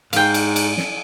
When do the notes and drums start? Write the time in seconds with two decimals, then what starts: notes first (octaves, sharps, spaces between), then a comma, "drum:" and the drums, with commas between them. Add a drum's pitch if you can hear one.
0.13 G#2 F5 G5, drum: cymbal
0.34 drum: cymbal
0.56 drum: cymbal
0.77 drum: snare